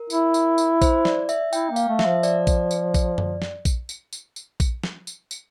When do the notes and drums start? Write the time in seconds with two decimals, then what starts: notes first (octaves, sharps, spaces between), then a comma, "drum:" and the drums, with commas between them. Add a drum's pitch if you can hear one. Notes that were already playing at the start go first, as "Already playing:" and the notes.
Already playing: A#4
0.10 E4, drum: tambourine
0.34 drum: tambourine
0.58 drum: tambourine
0.81 C5, drum: kick A#1, tambourine
1.05 D5, drum: snare
1.29 E5, drum: tambourine
1.53 E4 G5, drum: tambourine
1.71 A#3
1.76 F5, drum: tambourine
1.88 A3
1.99 E5, drum: snare
2.06 F3
2.23 D5, drum: tambourine
2.47 drum: kick A#1, tambourine
2.71 drum: tambourine
2.94 drum: kick A#1, tambourine
3.18 drum: tom F#2
3.42 drum: snare
3.65 drum: kick A#1, tambourine
3.89 drum: tambourine
4.13 drum: tambourine
4.36 drum: tambourine
4.60 drum: kick A#1, tambourine
4.84 drum: snare
5.07 drum: tambourine
5.31 drum: tambourine